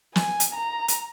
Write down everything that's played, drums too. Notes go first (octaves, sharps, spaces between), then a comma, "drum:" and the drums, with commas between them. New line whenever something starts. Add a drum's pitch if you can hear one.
G#5, drum: snare
drum: hi-hat
A#5
drum: hi-hat